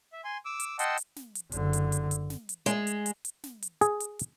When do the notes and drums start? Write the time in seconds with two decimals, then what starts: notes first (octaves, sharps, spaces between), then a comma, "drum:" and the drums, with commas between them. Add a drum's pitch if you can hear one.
0.13 E5
0.24 G#5 C6
0.45 D6 E6
0.60 drum: hi-hat
0.79 D#5 F#5 G5 A5 C6 E6, drum: hi-hat
0.97 drum: hi-hat
1.16 drum: snare
1.35 drum: hi-hat
1.52 F#1 D3, drum: hi-hat
1.73 drum: hi-hat
1.92 drum: hi-hat
2.11 drum: hi-hat
2.30 drum: snare
2.49 drum: hi-hat
2.66 G#3, drum: hi-hat
2.87 drum: hi-hat
3.06 drum: hi-hat
3.25 drum: hi-hat
3.44 drum: snare
3.62 drum: hi-hat
3.81 G#4, drum: hi-hat
4.00 drum: hi-hat
4.19 drum: hi-hat